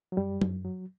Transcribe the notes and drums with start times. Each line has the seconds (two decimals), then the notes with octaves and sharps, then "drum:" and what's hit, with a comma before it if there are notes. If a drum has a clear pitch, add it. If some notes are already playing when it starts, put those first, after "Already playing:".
0.12 F#3
0.17 F#2 G3
0.42 F#2, drum: tom F#3
0.65 F#3